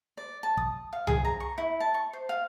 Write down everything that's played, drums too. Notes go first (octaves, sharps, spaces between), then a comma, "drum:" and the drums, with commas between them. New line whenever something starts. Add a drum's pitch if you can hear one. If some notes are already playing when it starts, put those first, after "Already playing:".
D5
A5
D#6, drum: kick
F5
G#4, drum: tom C2
A#5
C#6
E4
A5
C#6
C5
F5